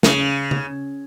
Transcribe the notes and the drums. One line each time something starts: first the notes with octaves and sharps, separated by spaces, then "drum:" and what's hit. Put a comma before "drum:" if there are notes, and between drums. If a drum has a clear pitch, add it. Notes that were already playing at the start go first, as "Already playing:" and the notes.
C#3, drum: snare
drum: tom C#3